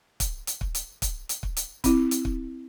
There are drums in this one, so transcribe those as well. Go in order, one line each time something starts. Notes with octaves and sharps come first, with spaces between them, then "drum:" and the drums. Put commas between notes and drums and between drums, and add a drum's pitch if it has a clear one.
drum: kick, hi-hat
drum: hi-hat
drum: kick
drum: hi-hat
drum: kick, hi-hat
drum: hi-hat
drum: kick
drum: hi-hat
C4 E4, drum: kick, hi-hat
drum: hi-hat
drum: kick